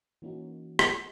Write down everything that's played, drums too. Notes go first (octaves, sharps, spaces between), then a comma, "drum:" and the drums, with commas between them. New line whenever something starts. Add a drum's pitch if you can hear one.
E3 A#3 C#4 D#4 F#4
drum: rim click